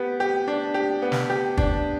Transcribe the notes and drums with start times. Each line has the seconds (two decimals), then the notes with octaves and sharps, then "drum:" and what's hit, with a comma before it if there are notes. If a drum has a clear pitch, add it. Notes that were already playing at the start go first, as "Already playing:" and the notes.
Already playing: B3 G4
0.20 G4
0.48 D4
0.74 G4
1.02 B3
1.12 drum: snare
1.30 G4
1.57 D4, drum: kick